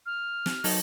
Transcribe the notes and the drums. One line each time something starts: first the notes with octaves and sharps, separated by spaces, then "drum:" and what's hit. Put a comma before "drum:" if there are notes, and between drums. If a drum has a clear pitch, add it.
F6
drum: snare
F#3 D#4 A4, drum: open hi-hat